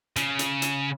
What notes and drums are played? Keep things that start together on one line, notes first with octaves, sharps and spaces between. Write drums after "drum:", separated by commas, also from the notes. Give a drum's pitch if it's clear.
C#3, drum: hi-hat
drum: hi-hat
drum: hi-hat